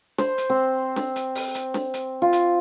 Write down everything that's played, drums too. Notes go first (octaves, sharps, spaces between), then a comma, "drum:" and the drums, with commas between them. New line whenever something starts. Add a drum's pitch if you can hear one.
C5, drum: snare
drum: hi-hat
C4
drum: snare
drum: hi-hat
drum: open hi-hat
drum: hi-hat
drum: snare
drum: hi-hat
F4
drum: hi-hat